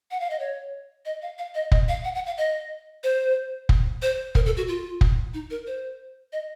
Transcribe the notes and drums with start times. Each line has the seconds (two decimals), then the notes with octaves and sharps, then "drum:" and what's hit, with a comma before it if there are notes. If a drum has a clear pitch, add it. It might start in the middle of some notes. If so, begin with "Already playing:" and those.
0.11 F#5
0.20 F5
0.30 D#5
0.39 C#5
1.05 D#5
1.22 F5
1.38 F5
1.55 D#5
1.72 D#5, drum: kick
1.88 F5
2.04 F#5
2.15 F#5
2.26 F5
2.37 D#5
3.03 C5
3.69 drum: kick
4.02 C5
4.35 A#4, drum: kick
4.46 A4
4.57 F#4
4.68 F4
5.01 drum: kick
5.34 D#4
5.50 A#4
5.67 C5
6.32 D#5